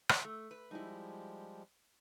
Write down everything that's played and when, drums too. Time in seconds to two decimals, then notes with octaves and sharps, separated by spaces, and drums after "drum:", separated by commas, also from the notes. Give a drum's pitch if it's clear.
0.09 drum: rim click
0.25 A3
0.51 B4
0.71 F3 G3 G#3 D#4 E4